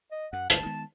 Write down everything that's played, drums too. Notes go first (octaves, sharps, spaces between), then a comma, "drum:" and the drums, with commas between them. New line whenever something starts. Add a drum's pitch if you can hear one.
D#5
F#2 F#5
G1 C#2 A5, drum: hi-hat
D#3 G#3 B3